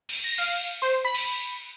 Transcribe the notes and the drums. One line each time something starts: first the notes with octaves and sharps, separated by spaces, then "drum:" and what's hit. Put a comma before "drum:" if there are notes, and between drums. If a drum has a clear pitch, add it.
drum: cymbal
A#6
F5, drum: cymbal
C5, drum: open hi-hat
B5
drum: cymbal